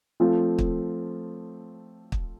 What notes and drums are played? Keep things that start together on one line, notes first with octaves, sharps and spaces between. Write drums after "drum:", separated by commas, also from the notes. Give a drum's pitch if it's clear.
F3 A3 C4 F4
drum: kick
drum: kick